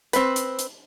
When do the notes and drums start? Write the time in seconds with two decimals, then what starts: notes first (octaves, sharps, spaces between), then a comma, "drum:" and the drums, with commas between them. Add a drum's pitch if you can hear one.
0.13 C4 B4, drum: hi-hat
0.36 drum: hi-hat
0.59 drum: hi-hat